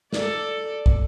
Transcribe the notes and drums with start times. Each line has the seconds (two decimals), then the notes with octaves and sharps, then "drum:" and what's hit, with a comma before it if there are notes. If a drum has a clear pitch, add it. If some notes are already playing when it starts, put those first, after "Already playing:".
0.13 A4 D5, drum: snare
0.86 drum: kick